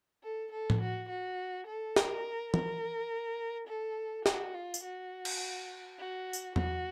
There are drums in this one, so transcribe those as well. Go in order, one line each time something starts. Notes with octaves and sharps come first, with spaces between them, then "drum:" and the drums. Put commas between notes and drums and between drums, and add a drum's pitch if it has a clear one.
A4
A4
drum: tom A2
F#4
F#4
A4
A#4, drum: snare
A#4, drum: tom E3
A4
F#4, drum: snare
F4
drum: tambourine
F#4
drum: cymbal
F#4
drum: tambourine
F#4, drum: tom E2